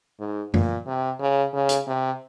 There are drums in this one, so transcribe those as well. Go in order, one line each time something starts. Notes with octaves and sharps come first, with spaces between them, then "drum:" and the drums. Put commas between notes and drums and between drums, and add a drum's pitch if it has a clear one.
G#2
A#2, drum: tom F#2
C3
C#3
C#3
drum: hi-hat
C3